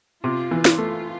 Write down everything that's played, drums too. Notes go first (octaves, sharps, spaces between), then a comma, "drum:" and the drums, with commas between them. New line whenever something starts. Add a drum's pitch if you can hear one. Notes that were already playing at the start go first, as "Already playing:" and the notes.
C3 F4
E3
drum: snare
A3